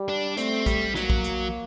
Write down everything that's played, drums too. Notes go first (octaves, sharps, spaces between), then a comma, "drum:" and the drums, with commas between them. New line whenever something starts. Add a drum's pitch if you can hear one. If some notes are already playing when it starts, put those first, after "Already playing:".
Already playing: G3
D4
A3 C4, drum: hi-hat
G3, drum: kick, hi-hat
F#3 A#3, drum: snare
drum: kick
drum: hi-hat